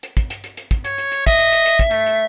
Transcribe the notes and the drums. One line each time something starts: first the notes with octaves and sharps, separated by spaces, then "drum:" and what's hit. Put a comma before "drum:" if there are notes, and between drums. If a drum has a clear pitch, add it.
drum: hi-hat
drum: kick, hi-hat
drum: hi-hat
drum: hi-hat
drum: hi-hat
drum: kick, hi-hat
C#5, drum: hi-hat
drum: hi-hat
drum: hi-hat
D#5 E5, drum: kick, hi-hat
drum: hi-hat
drum: hi-hat
drum: hi-hat
drum: kick, hi-hat
A3, drum: hi-hat
drum: hi-hat